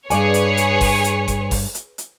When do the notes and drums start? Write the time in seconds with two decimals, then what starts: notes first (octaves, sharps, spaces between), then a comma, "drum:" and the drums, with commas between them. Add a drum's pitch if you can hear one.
0.10 G2 G#4 B4 C#5 D5 G#5, drum: hi-hat
0.34 drum: hi-hat
0.57 drum: hi-hat
0.81 drum: kick G1, open hi-hat
1.04 drum: hi-hat
1.28 drum: kick G1, hi-hat
1.51 drum: kick G1, open hi-hat
1.75 drum: hi-hat
1.98 drum: hi-hat